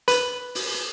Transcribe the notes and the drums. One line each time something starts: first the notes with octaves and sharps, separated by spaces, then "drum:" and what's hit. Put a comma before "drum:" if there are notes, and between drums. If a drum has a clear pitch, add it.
B4, drum: hi-hat
drum: open hi-hat